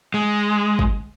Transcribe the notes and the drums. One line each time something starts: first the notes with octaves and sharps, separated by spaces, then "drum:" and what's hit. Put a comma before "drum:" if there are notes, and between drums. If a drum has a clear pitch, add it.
G#3
drum: kick